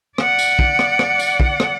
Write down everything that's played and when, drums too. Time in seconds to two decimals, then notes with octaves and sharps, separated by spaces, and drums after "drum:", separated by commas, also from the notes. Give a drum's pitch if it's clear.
0.18 D5 F#5, drum: rim click
0.39 drum: tambourine
0.59 drum: kick
0.79 drum: rim click
0.99 drum: rim click
1.19 drum: tambourine
1.40 drum: kick
1.60 drum: rim click